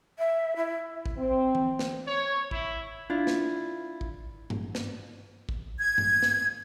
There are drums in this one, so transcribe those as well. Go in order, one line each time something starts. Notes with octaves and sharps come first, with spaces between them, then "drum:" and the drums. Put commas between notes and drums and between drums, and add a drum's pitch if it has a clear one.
E5
E4
drum: kick A1
C4
drum: tom E3
drum: snare
C#5
E4, drum: kick A1
D4 E4 F4
drum: snare
drum: kick A1
drum: tom G2
drum: snare
drum: kick A1
G#6
drum: tom G2
drum: snare